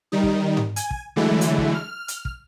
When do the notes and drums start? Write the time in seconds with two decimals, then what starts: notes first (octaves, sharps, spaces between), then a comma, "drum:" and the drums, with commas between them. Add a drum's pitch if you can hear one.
0.12 D#3 G3 D#4
0.23 drum: kick
0.57 drum: tom G#2
0.76 G#5, drum: hi-hat
0.91 drum: kick
1.16 D3 E3 F#3 G#3 A3 E4
1.41 drum: hi-hat
1.58 drum: kick
1.75 F6
2.08 drum: hi-hat
2.25 drum: kick